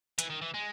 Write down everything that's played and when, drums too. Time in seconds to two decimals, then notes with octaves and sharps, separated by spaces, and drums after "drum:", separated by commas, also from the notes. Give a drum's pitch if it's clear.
0.19 E3, drum: hi-hat
0.30 D#3
0.42 E3
0.54 G#3